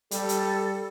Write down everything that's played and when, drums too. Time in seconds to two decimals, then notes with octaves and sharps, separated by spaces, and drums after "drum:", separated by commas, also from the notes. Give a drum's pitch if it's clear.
0.11 G3 A4, drum: hi-hat
0.29 drum: hi-hat